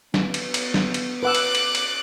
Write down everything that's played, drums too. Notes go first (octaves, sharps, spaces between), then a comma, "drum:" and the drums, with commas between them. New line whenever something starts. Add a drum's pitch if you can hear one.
B3, drum: snare
drum: cymbal
drum: cymbal
drum: snare
drum: cymbal
B4 F#5 D6 E6 F#6
drum: cymbal
drum: cymbal
drum: cymbal